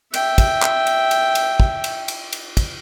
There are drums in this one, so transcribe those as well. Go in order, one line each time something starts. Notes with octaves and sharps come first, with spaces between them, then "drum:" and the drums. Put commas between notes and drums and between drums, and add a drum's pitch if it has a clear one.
E5 G5, drum: cymbal
drum: kick, cymbal
drum: clap
drum: cymbal
drum: cymbal
drum: cymbal
drum: kick
drum: cymbal
drum: cymbal
drum: cymbal
drum: kick, cymbal